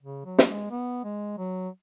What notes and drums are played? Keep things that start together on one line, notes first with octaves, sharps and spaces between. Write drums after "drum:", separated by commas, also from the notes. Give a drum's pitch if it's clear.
C#3
F#3
drum: snare
G#3
B3
G#3
F#3